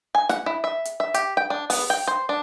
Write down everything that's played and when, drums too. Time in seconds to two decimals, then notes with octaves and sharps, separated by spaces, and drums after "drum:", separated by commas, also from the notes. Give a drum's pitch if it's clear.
0.15 G#5
0.29 F#5, drum: snare
0.46 E4
0.64 E5
0.85 drum: hi-hat
1.00 E5
1.14 G4, drum: hi-hat
1.37 G5
1.50 D4
1.70 B3, drum: open hi-hat
1.90 G5
2.08 C5
2.29 D4